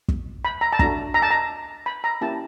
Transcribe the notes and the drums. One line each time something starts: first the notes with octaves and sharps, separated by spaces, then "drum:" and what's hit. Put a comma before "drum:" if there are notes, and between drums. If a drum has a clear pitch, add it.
drum: kick
B5
A#5
A5
A3 D4 F#4 A#5, drum: kick
A#5
A5
A#5
B5
A#5
A#3 C#4 E4 G4 A5